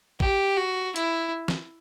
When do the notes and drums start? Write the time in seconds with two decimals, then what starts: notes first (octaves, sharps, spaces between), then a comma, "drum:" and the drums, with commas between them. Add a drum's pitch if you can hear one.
0.20 G4, drum: kick
0.57 F#4
0.96 E4, drum: hi-hat
1.48 drum: snare